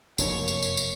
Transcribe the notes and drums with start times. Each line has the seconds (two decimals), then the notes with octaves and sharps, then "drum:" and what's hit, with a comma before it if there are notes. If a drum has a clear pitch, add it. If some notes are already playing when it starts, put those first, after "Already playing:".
0.18 F1 F#2 A#3 C#5, drum: tambourine
0.48 drum: tambourine
0.63 drum: tambourine
0.77 drum: tambourine